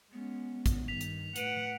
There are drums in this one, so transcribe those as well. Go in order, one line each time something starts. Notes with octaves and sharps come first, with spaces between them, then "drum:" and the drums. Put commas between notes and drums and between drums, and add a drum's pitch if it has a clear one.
G#3 B3 C#4
drum: kick, hi-hat
G2 D#3 B6 F7
drum: hi-hat
A2 B4 F#5 D7 D#7 F#7, drum: hi-hat